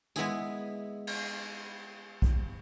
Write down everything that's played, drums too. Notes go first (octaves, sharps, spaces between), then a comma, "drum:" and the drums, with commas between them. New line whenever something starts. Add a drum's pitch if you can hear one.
G#3 B3 E4 G#4, drum: tambourine
drum: cymbal
drum: kick